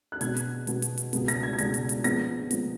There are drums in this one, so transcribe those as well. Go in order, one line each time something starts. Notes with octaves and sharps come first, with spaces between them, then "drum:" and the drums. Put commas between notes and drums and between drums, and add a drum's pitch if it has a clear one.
F#6
B2 G#3 B3 G#6, drum: hi-hat
drum: hi-hat
B2 G#3 B3, drum: hi-hat
drum: hi-hat
drum: hi-hat
C#2 B2 G#3 B3, drum: hi-hat
A#6, drum: hi-hat
G#6
G#6
C#2 B2 G#3 B3 A#6, drum: hi-hat
drum: hi-hat
drum: hi-hat
A#2 F3 G#3 B3 A#6, drum: hi-hat
A#2 F3 G#3 B3, drum: hi-hat